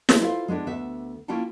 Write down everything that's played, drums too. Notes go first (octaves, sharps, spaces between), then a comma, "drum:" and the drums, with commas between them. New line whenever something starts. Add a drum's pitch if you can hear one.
drum: snare
E4 F4 A4 C5 E5 F5
G#3 B3 D4 E4
D2 B3 E5
A#3 C#4 E4 F4 G5 A5